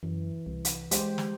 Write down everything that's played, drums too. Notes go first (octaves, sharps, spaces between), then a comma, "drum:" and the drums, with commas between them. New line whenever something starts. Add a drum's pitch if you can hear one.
F#2 E3
C2
drum: hi-hat
G#3 G4 C5, drum: hi-hat
drum: snare